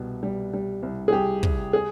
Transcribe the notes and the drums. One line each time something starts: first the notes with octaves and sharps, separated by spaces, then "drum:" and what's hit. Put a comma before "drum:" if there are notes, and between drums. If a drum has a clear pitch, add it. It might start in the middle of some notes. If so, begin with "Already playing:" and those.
Already playing: C2 B2 G3
G3
G3
C2
G#4
C2 G4
C2, drum: kick
G#4